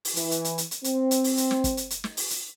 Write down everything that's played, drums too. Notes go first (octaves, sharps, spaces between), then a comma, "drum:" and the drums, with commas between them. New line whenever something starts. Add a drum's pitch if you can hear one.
drum: open hi-hat
E3, drum: hi-hat
drum: hi-hat
drum: hi-hat
drum: hi-hat
drum: hi-hat
C4, drum: hi-hat
drum: hi-hat
drum: open hi-hat
drum: hi-hat
drum: snare
drum: kick, hi-hat
drum: hi-hat
drum: hi-hat
drum: snare
drum: open hi-hat
drum: hi-hat